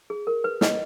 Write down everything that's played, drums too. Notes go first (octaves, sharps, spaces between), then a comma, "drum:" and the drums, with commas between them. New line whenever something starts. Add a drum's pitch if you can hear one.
G#4
A#4
B4
B4 D#5, drum: snare